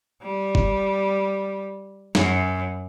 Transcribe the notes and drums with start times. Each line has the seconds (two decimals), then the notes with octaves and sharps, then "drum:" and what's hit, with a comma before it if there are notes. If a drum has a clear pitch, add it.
0.23 G3
0.55 drum: kick
2.15 F#2, drum: snare